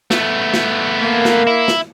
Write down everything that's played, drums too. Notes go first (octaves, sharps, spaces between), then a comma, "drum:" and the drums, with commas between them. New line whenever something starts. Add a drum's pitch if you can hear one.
A3 B3, drum: snare
drum: snare
A#3
drum: snare
E4
drum: snare